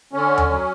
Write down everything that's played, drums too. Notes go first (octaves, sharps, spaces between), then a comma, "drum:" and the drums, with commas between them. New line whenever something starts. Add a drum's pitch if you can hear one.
D3 C#4
drum: tom D#2
F#3